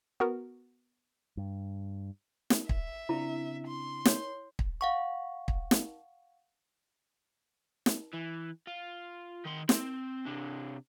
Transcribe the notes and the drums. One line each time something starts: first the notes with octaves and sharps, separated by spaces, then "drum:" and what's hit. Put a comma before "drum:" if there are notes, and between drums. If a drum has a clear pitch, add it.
B3 F#4 A#4
G2
drum: snare
E5, drum: kick
C#3 C4 D4 E4
C6
C#5, drum: snare
drum: kick
F5 F#5 C#6
drum: kick
drum: snare
drum: snare
E3
F4
D#3 C6
C4, drum: snare
C3 D4